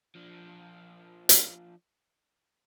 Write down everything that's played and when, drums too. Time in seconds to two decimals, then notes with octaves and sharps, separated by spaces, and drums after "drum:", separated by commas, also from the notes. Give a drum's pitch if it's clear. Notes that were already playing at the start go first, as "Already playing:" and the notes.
0.15 F3 D4
1.29 drum: hi-hat